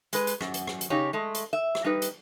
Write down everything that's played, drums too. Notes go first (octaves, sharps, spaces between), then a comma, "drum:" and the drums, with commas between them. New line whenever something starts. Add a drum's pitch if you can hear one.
G#3 B4, drum: hi-hat
drum: hi-hat
F#2, drum: rim click
drum: hi-hat
drum: rim click
drum: hi-hat
C#3 D#4 G4 C#5
G#3 A3
drum: hi-hat
E5
drum: rim click
G3 D#4 B4
drum: hi-hat